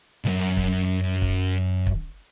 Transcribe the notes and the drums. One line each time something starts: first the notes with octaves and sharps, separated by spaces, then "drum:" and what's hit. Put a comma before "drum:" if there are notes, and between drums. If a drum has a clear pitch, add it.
B1 F#2
drum: kick
drum: kick
drum: kick